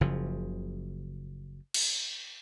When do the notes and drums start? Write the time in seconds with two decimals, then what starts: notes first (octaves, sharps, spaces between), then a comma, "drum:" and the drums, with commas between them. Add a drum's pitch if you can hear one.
0.01 F#1 C#3 F3
1.74 drum: cymbal